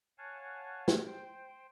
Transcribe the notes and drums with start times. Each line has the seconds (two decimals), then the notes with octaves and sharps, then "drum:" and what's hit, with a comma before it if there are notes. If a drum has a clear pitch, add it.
0.18 C#5 F5 F#5 G#5 A5
0.88 drum: snare
1.06 C5 G5